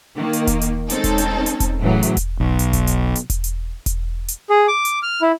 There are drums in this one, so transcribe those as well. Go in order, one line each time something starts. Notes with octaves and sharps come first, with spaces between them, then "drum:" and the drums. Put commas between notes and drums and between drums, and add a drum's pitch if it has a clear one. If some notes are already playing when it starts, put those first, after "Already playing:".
D#3 A#3
drum: hi-hat
drum: kick E1, hi-hat
drum: hi-hat
G#3 C4 C#4 D#4 A4, drum: hi-hat
drum: kick E1, hi-hat
drum: hi-hat
drum: hi-hat
drum: kick E1, hi-hat
A2 C#3 E3 F#3
drum: hi-hat
drum: kick E1, hi-hat
B1
drum: hi-hat
drum: kick E1, hi-hat
drum: hi-hat
drum: hi-hat
drum: kick E1, hi-hat
drum: hi-hat
drum: kick E1, hi-hat
drum: hi-hat
G#4
D6
drum: hi-hat
F6
E4